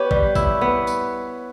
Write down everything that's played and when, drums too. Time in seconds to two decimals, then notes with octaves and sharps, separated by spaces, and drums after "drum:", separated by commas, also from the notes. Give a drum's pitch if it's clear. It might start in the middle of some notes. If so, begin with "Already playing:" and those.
Already playing: B3 G4 B4 C#5
0.11 G3, drum: kick G#1
0.35 E4, drum: kick G#1, tambourine
0.61 B3
0.87 drum: tambourine